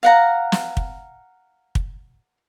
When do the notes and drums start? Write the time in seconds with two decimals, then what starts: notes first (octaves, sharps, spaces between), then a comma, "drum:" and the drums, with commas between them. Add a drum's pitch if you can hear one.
0.03 F5 F#5 A#5
0.52 drum: snare
0.77 drum: kick
1.75 drum: kick